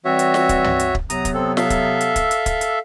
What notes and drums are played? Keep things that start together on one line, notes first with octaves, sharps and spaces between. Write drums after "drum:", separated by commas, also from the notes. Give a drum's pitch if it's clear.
E3 G3 C4 F#4 C#5 E5
drum: hi-hat
drum: snare
drum: kick, hi-hat
drum: tom
drum: hi-hat
drum: kick
C3 F#3 B3 A#5 D#6, drum: hi-hat
drum: kick, hi-hat
C4 A4
A4 E5 F5, drum: snare
drum: kick, hi-hat
drum: hi-hat
drum: kick, hi-hat
drum: hi-hat
drum: kick, hi-hat
drum: hi-hat